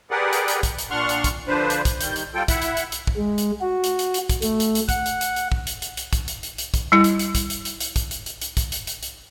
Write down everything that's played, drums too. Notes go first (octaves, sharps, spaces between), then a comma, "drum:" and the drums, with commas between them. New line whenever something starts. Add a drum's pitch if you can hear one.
G4 G#4 A#4 B4 D5 F#5
drum: hi-hat
drum: hi-hat
drum: kick, hi-hat
drum: hi-hat
A#2 D4 F#5 C6 C#6 F6
drum: hi-hat
drum: kick, hi-hat
D3 F3 D4 B4 C5
drum: hi-hat
drum: kick, hi-hat
D#3 G3 G6, drum: hi-hat
drum: hi-hat
G3 F4 A4 G5
E4 E5 F#5, drum: kick, hi-hat
drum: hi-hat
drum: hi-hat
drum: hi-hat
drum: kick
G#3
drum: hi-hat
F#4
drum: hi-hat
drum: hi-hat
drum: hi-hat
drum: kick, hi-hat
A3, drum: hi-hat
drum: hi-hat
drum: hi-hat
F#5, drum: kick, hi-hat
drum: hi-hat
drum: hi-hat
drum: hi-hat
drum: kick
drum: hi-hat
drum: hi-hat
drum: hi-hat
drum: kick, hi-hat
drum: hi-hat
drum: hi-hat
drum: hi-hat
drum: kick, hi-hat
G3 E4
drum: hi-hat
drum: hi-hat
drum: kick, hi-hat
drum: hi-hat
drum: hi-hat
drum: hi-hat
drum: kick, hi-hat
drum: hi-hat
drum: hi-hat
drum: hi-hat
drum: kick, hi-hat
drum: hi-hat
drum: hi-hat
drum: hi-hat